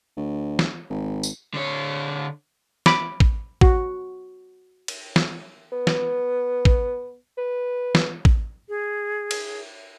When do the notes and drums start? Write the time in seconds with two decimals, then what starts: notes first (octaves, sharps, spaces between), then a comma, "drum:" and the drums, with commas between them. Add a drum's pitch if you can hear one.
0.17 D2
0.59 drum: snare
0.90 G#1
1.23 drum: tambourine
1.54 D3 C#5
2.86 B5 D6, drum: snare
3.20 drum: kick
3.61 F#4, drum: kick
4.88 drum: cymbal
5.16 drum: snare
5.72 B3
5.87 drum: snare
6.65 drum: kick
7.38 B4
7.95 drum: snare
8.25 drum: kick
8.69 G#4
9.31 drum: cymbal